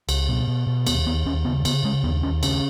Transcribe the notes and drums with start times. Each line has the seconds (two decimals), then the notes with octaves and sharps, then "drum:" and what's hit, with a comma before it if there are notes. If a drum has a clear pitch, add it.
0.09 C#2, drum: cymbal
0.29 B2
0.48 B2
0.67 B2
0.87 D#2 B3, drum: cymbal
1.06 D#2 B3
1.25 D#2 C#4
1.45 C#3 B3
1.65 C#3 B3, drum: cymbal
1.84 C#3 G#3
2.03 D#2 B3
2.23 D#2 C#4
2.43 C#3 C#4, drum: cymbal